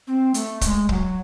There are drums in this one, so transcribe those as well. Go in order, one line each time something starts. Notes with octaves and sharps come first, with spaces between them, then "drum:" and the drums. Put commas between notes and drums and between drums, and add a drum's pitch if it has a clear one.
C4
A3, drum: hi-hat
A3, drum: kick, hi-hat
G#3
F#3, drum: kick